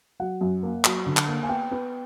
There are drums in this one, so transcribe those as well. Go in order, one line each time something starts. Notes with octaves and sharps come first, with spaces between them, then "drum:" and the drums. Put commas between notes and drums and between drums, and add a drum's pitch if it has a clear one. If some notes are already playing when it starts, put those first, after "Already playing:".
F#3 F#5
F#2
A#3
F#3, drum: clap
D3
drum: clap
A#3
G#5
B3 G5
B3